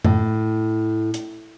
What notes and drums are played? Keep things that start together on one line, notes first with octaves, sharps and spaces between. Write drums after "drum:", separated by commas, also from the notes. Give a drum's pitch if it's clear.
A2, drum: tom F#2
drum: hi-hat